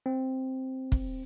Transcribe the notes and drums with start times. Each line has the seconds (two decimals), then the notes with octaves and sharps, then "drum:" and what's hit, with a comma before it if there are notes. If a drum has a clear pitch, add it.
0.06 C4
0.92 drum: kick